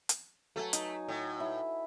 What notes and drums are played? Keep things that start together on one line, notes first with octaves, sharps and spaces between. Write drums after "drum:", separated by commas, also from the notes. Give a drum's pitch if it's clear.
drum: hi-hat
F#3 A3 A4 G#5
D#4, drum: hi-hat
A2
E4 E5